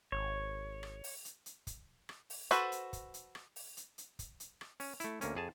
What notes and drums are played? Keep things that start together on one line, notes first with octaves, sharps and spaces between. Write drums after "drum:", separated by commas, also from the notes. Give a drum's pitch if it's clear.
G#1 C#5
drum: rim click
drum: open hi-hat
drum: hi-hat
drum: hi-hat
drum: kick, hi-hat
drum: rim click
drum: open hi-hat
F#4 A4 B4 C5, drum: hi-hat
drum: hi-hat
drum: kick, hi-hat
drum: hi-hat
drum: rim click
drum: open hi-hat
drum: hi-hat
drum: hi-hat
drum: kick, hi-hat
drum: hi-hat
drum: rim click
C#4, drum: open hi-hat
A3 E4, drum: hi-hat
D2 A#3 C#4, drum: hi-hat
F2 G#4 A5